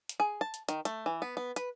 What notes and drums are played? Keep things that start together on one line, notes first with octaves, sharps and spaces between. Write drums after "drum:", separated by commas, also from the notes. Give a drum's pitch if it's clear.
drum: hi-hat
G#4
A5
drum: hi-hat
D#3, drum: hi-hat
A3, drum: hi-hat
E3
B3
B3
B4, drum: hi-hat